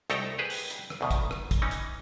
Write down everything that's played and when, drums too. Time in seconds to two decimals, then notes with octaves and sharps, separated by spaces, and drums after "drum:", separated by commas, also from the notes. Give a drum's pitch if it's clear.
0.10 C2 A3 D#4 A4 G5 A#5, drum: hi-hat
0.38 G4 G#4 B4 C5
0.50 drum: open hi-hat
0.70 drum: hi-hat
0.90 drum: rim click
1.01 D2 B2 D#3
1.11 drum: kick, hi-hat
1.31 drum: rim click
1.51 drum: kick, hi-hat
1.62 E3 C#4 D#4
1.71 drum: hi-hat